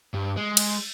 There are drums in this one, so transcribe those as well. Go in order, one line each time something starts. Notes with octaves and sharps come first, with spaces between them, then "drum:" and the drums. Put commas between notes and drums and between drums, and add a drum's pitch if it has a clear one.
G2
G#3
drum: cymbal